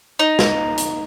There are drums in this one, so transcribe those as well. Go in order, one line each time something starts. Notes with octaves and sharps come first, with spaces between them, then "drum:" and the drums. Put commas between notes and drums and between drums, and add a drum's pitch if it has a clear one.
D#4
drum: snare
drum: hi-hat